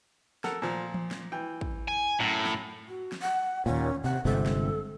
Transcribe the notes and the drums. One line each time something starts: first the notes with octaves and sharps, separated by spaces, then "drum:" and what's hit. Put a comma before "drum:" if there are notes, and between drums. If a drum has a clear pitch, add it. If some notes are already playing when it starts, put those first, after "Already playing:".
A4 A#4 F#5, drum: snare
A#2 F3
drum: tom E3
drum: snare
E3 G5
drum: kick
G#5
F#2 A2
drum: snare
F#4
drum: snare
F#5
D#2 A#2 C#4
C3 F#5
G1 C3 G#3 A4
drum: snare